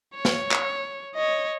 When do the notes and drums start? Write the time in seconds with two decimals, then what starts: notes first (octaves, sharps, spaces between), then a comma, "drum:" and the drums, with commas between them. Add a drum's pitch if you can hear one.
0.15 C#5
0.25 drum: snare
0.51 drum: clap
1.15 C#5 D#5